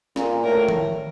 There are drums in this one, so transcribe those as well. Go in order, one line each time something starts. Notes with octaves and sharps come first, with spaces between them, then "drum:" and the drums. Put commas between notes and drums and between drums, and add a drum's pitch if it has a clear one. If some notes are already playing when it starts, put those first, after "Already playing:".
A#2, drum: snare
A2 A#4
drum: tom D#3